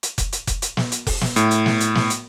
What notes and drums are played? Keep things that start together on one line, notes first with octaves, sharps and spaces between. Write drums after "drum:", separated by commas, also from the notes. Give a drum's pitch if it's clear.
drum: hi-hat
drum: kick F1, hi-hat
drum: hi-hat
drum: kick F1, hi-hat
drum: hi-hat
drum: snare
drum: hi-hat
drum: kick F1, open hi-hat
drum: snare
A2, drum: hi-hat
drum: hi-hat
drum: snare
drum: hi-hat
drum: snare
drum: hi-hat